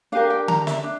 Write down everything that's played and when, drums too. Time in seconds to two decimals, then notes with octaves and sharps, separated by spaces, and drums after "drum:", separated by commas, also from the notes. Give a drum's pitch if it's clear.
0.12 D4 G4 A#4 F5
0.30 G5
0.48 A#5, drum: tom D3
0.67 E5, drum: snare
0.84 D4